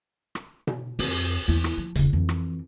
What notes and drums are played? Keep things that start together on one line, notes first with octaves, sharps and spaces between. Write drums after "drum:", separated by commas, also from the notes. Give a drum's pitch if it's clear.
drum: rim click
drum: tom B2
F2, drum: open hi-hat
E2 E4
drum: rim click
F3
E1 C#3, drum: hi-hat
F2 E3
drum: rim click